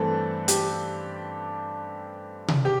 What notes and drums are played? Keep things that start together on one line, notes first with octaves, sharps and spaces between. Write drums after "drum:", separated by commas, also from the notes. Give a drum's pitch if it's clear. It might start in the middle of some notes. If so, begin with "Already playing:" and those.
Already playing: G2 E3 A3 C4 A4
G4, drum: hi-hat
drum: tom C3
G4